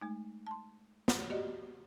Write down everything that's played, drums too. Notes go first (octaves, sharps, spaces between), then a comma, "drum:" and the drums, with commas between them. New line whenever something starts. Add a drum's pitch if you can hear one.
G#3 A3 D#4
A5 C6
drum: snare
F#4 G4 D5 D#5